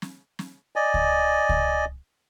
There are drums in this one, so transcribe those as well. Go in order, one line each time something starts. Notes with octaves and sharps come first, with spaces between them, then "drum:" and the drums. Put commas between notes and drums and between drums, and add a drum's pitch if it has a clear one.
drum: snare
drum: snare
D5 D#5 G#5
drum: kick C#2
drum: kick C#2